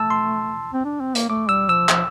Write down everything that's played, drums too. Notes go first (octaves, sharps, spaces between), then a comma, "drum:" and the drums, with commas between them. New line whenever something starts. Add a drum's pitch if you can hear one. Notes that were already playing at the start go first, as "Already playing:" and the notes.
Already playing: A3 A5 E6
C6
C4
D4
C4
A#3, drum: hi-hat
A3 D6
G3 E6
F3 E6
F3, drum: clap